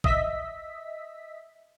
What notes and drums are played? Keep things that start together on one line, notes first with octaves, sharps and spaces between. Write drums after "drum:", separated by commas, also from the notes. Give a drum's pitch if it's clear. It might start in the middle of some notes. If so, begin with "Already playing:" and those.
D#5 E5 B6, drum: kick